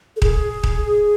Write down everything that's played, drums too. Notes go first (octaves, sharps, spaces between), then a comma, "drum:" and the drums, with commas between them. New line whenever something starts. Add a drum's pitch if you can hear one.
A4
G#4, drum: kick D#1
drum: kick D#1